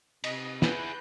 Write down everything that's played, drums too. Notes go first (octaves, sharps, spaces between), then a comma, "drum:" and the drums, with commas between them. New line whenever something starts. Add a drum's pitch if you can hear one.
C3 D#5, drum: cymbal
E4 G#4 B4 F#6 G6, drum: snare